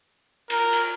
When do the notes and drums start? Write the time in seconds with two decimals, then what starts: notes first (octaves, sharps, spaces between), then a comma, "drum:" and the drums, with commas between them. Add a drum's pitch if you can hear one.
0.50 A#4, drum: cymbal
0.73 drum: cymbal